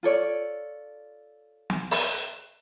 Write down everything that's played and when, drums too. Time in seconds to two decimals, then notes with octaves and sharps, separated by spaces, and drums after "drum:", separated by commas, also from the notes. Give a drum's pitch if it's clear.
0.03 F4 A4 C#5 D5
1.70 drum: snare
1.91 drum: open hi-hat